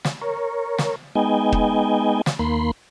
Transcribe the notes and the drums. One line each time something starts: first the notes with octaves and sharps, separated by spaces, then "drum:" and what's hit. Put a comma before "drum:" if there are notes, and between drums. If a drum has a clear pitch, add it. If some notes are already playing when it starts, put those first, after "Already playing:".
drum: snare
A#4 C#5
drum: snare
G#3 B3 D#4 D#5 G5 G#5
drum: kick
drum: snare
D#2 A#3 B5 C6